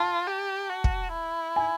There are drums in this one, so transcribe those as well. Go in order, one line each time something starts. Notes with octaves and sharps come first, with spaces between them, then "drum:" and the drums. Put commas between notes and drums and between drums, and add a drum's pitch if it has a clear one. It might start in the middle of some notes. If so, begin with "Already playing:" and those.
Already playing: F4 A5
G4
F#4
drum: kick
E4
G#5